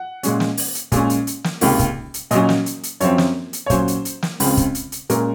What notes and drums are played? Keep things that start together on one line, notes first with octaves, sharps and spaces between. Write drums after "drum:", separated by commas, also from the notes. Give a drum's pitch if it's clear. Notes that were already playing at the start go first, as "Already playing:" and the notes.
Already playing: F#5
A#2 G#3 C#4, drum: hi-hat
drum: snare
drum: open hi-hat
drum: hi-hat
A#2 G#3 C#4, drum: kick, hi-hat
drum: hi-hat
drum: hi-hat
drum: snare
C#2 C3 D#3 A#3 C#4, drum: open hi-hat
drum: kick, hi-hat
drum: hi-hat
A#2 F#3 C#4 D#5, drum: hi-hat
drum: snare
drum: hi-hat
drum: hi-hat
F#2 F3 C4 C#5, drum: hi-hat
drum: snare
drum: hi-hat
C#5
A#2 F#3 C#4 C5, drum: kick, hi-hat
drum: hi-hat
drum: hi-hat
drum: snare
C#2 C#3 G#3 C4, drum: open hi-hat
drum: kick, hi-hat
drum: hi-hat
drum: hi-hat
A#2 G#3 C#4 A#4, drum: hi-hat